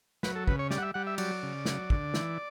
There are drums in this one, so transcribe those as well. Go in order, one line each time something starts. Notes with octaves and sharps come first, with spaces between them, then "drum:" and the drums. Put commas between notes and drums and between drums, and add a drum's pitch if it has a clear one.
F#3 B4, drum: snare
A4
C#3 B4, drum: kick
C#5
G3 D5, drum: snare
F#5
E5
G3 F#5
E5
F#3 D5, drum: cymbal
C#3
F#3, drum: snare
D3, drum: kick
E3, drum: snare